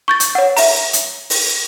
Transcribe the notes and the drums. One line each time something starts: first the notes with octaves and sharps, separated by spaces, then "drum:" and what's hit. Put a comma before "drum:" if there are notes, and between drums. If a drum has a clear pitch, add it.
C#6 G6 A6
drum: hi-hat
C#5 F#5
E5 A#5, drum: open hi-hat
drum: hi-hat
drum: open hi-hat